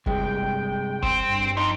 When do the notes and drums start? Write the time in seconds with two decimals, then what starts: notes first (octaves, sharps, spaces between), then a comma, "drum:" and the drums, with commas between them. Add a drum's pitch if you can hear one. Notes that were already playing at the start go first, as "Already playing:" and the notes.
0.06 G2 C3 G#3 G5, drum: kick F#1
1.03 C4, drum: kick F#1
1.28 G2
1.57 F2 D#4 F4